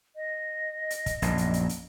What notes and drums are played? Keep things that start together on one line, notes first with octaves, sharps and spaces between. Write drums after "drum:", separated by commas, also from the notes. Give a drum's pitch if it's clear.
D#5
drum: hi-hat
drum: kick, hi-hat
A#1 F#2, drum: hi-hat
drum: hi-hat
drum: hi-hat
drum: hi-hat